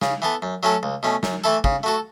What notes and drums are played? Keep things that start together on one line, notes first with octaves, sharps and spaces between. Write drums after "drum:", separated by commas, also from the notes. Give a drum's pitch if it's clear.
C#3, drum: snare
E3 B3 A4
F#2
F#3 A3 C#4 A4
C#2
B2 A3 C#4
F#2, drum: snare
E3 A3 E4 A4
C#3, drum: kick
A3 F#4 A4